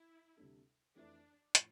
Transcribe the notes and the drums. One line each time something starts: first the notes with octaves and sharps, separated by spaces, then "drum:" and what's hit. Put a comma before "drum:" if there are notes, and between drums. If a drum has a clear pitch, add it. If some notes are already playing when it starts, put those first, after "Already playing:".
Already playing: E4
D2 C3 G3 D4 A4
F2 E3 A3 D4 E4
A2 F3, drum: hi-hat